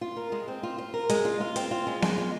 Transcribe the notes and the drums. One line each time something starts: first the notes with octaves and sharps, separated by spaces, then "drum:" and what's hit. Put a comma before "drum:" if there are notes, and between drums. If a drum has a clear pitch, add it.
F4
A#4
G#3
C4
F4
F4
A#4
G#3, drum: hi-hat
F4
F4
C4, drum: hi-hat
F4
G#3
G#3, drum: snare B3
F4